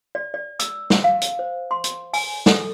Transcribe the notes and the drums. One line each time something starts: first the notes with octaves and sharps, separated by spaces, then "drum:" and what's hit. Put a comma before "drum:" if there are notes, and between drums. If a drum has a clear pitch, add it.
D5
D5
E6, drum: hi-hat
drum: snare
F5
drum: hi-hat
C5
C6
drum: hi-hat
G#5, drum: open hi-hat
A4, drum: snare